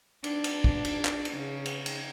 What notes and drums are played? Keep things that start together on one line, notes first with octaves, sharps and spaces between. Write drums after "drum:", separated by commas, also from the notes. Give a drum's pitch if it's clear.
D4, drum: cymbal
drum: cymbal
drum: kick
drum: cymbal
drum: clap
drum: cymbal
C#3
drum: cymbal
drum: cymbal